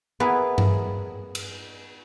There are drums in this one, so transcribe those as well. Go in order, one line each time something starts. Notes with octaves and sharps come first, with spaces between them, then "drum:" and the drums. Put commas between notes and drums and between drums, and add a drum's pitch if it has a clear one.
B3 E4 G#4 A#4 B4
drum: tom G2
drum: cymbal